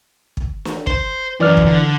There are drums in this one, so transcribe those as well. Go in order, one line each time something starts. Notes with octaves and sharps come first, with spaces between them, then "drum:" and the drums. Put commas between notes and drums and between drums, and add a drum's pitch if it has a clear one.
drum: kick
drum: snare
C5, drum: kick
F#2 E3 D5 F6
drum: kick
D3